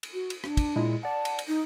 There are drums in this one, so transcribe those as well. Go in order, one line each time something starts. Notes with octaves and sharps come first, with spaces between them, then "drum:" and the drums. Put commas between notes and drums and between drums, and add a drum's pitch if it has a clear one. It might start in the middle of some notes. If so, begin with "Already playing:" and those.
drum: cymbal
F#4
drum: cymbal
D4, drum: rim click
drum: kick, cymbal
A#2 G#3 E4
D5 F#5 A5
drum: cymbal
drum: cymbal
D#4